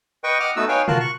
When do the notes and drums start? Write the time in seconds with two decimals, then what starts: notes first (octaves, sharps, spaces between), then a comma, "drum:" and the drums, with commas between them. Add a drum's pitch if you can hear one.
0.24 B4 D#5 G5 C#6
0.40 D#5 F#5 D6 F6
0.56 A3 B3 D#4 F#4 B4 E6
0.68 D#4 B4 C#5 F5 G5 G#5
0.88 F4 F#4 A#4 F5 A5 F#6, drum: tom
1.00 C#6 F#6